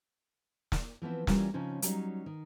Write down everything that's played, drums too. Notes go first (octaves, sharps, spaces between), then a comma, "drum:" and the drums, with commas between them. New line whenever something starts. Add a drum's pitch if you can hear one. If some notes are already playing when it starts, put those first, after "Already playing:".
drum: snare
E3 F3 B3 C4
E3 G3 C#4 F4 A#4 D5, drum: snare
C#3 F3 C4 C#4 D#4
F#3 G3 C#4 D#4, drum: hi-hat
D#3